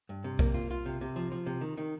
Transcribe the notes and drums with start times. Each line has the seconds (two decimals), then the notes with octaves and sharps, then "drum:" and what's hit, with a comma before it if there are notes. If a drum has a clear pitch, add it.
0.09 G2
0.24 C3
0.39 A#3, drum: kick B1
0.54 F4
0.71 F4
0.86 C3
1.01 C3
1.16 F3
1.32 F3
1.46 C3
1.61 D#3
1.77 D#3